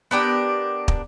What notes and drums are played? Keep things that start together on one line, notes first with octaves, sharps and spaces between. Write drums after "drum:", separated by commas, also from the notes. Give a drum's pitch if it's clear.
B3 D4 G4 A#4
drum: kick